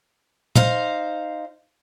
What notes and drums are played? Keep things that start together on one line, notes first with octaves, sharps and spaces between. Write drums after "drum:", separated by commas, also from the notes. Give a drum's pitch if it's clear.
D#4 C5 F5, drum: tom